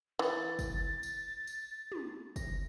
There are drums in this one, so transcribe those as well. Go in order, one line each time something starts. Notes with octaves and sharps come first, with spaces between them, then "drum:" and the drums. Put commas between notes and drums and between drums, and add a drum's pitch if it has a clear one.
E3 A6
drum: kick, tambourine
drum: tambourine
drum: tambourine
drum: tom
A#6, drum: kick, tambourine